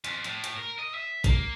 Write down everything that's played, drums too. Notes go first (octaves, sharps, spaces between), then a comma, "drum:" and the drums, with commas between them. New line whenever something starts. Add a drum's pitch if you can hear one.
F2, drum: hi-hat
A2, drum: hi-hat
drum: hi-hat
A#4
D#5
E5
A#3, drum: kick, hi-hat